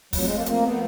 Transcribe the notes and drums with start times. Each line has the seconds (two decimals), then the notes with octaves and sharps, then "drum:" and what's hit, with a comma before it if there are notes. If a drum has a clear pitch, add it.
0.13 F3 F#3 A3 C4, drum: kick, open hi-hat
0.24 G#3
0.36 A#3
0.46 A#3, drum: hi-hat
0.63 B3